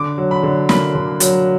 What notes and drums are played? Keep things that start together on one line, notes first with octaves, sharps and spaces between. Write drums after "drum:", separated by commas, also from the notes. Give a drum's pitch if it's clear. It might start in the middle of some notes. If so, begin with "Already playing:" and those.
Already playing: D3 D6
F#3
B5
D3
A#3 B5, drum: snare
D3
F#3, drum: hi-hat